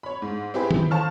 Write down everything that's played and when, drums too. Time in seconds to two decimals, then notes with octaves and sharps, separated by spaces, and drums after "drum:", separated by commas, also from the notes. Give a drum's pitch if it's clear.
0.03 C#5 B5
0.22 G#2
0.54 C4 E4 G4 G#4 B4
0.71 drum: tom D#3
0.91 A4 C5 F5 A5 C#6 F6